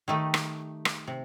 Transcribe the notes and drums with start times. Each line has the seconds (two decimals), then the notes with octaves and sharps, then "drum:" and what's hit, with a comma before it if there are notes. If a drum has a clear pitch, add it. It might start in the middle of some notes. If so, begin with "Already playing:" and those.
0.08 D#3 A3 D#4 G4
0.34 drum: rim click
0.85 drum: rim click
1.07 C3